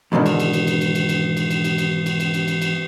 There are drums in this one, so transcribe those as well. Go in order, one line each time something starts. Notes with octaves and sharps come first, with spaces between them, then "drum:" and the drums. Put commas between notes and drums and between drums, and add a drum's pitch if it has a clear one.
E2 G#2 B2 D3 D#3
drum: cymbal
drum: cymbal
drum: cymbal
drum: cymbal
drum: cymbal
drum: cymbal
drum: cymbal
drum: cymbal
drum: cymbal
drum: cymbal
drum: cymbal
drum: cymbal
drum: cymbal
drum: cymbal
drum: cymbal
drum: cymbal